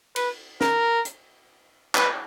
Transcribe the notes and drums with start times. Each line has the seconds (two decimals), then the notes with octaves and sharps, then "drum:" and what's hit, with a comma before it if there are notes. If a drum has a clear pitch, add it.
0.16 B4, drum: cymbal
0.61 A#4, drum: snare
1.05 drum: hi-hat
1.95 B4, drum: clap